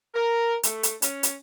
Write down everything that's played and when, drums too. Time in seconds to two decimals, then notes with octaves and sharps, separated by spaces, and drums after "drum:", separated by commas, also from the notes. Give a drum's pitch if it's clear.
0.14 A#4
0.63 A3, drum: hi-hat
0.83 drum: hi-hat
1.02 C#4, drum: hi-hat
1.23 drum: hi-hat